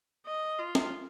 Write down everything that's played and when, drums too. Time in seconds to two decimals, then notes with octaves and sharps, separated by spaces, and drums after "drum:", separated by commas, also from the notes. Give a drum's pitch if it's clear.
0.26 D#5
0.59 F4
0.75 drum: snare